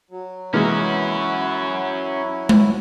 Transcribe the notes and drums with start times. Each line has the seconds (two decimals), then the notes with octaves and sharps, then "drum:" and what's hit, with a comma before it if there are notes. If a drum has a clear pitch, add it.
0.11 F#3
0.54 E3 F#3 G#3 A#3 C#4 E4 F#4
2.49 drum: tom G#3